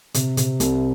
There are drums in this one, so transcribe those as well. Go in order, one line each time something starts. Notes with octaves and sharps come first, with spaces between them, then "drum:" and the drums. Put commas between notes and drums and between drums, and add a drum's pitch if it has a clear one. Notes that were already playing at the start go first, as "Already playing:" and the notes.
C3, drum: hi-hat
C3, drum: hi-hat
C2, drum: hi-hat